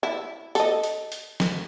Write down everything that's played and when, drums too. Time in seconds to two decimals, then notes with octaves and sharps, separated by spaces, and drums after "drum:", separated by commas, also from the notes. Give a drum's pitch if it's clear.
0.03 E4
0.55 A4 D#5, drum: hi-hat
0.83 drum: hi-hat
1.12 drum: hi-hat
1.40 drum: snare